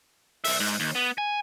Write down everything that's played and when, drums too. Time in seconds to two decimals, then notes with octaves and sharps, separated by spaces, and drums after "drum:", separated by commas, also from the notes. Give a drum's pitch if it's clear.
0.44 C2 E5, drum: open hi-hat
0.60 G#2
0.80 D#2
0.95 B3
1.18 G#5